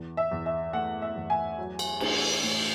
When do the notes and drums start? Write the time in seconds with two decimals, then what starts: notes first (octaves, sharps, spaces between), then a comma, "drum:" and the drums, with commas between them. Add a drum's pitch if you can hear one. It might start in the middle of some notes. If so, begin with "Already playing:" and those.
Already playing: E2
0.17 E5
0.32 E2
0.46 E5
0.73 A3 F#5
1.02 E5
1.16 E2
1.30 G#5
1.58 F#3
1.79 drum: cymbal
2.00 A3, drum: cymbal
2.43 A2